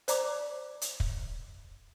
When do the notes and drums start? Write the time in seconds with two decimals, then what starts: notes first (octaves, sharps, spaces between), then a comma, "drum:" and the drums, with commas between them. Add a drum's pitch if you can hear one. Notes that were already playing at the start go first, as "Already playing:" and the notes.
0.08 C5 D5 A#5 D6, drum: hi-hat
0.81 drum: hi-hat
1.00 drum: kick